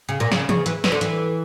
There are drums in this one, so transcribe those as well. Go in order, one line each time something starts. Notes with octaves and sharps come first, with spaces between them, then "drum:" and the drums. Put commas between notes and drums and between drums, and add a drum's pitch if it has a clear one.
C#3
A#2
C#3, drum: snare
C#3, drum: tom E3
E3, drum: hi-hat
E3, drum: snare
D3
E3, drum: hi-hat